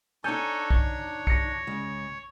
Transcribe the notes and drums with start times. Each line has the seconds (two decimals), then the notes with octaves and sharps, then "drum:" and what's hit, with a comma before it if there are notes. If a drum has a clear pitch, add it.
0.24 D4 D#4 A4 C#5 G#5 G6
0.70 C#5, drum: kick B1
1.27 A#6 C#7, drum: kick B1
1.67 C#3 G#3